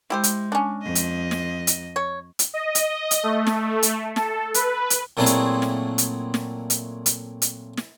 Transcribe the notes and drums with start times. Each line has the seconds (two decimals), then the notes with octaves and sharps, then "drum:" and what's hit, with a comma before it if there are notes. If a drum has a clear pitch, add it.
0.10 G#3 E4 G4 C5
0.24 drum: hi-hat
0.52 C#4 D4
0.82 F2 D#5
0.95 drum: hi-hat
1.31 drum: snare
1.67 drum: hi-hat
1.96 C#5
2.39 drum: hi-hat
2.54 D#5
2.75 drum: hi-hat
3.11 drum: hi-hat
3.23 A3
3.47 drum: snare
3.83 drum: hi-hat
4.16 A4, drum: snare
4.54 B4, drum: hi-hat
4.90 drum: hi-hat
5.17 A#2 F#3 A3 C4 E4 G#4
5.26 drum: hi-hat
5.62 drum: snare
5.98 drum: hi-hat
6.34 drum: snare
6.70 drum: hi-hat
7.06 drum: hi-hat
7.42 drum: hi-hat
7.77 drum: snare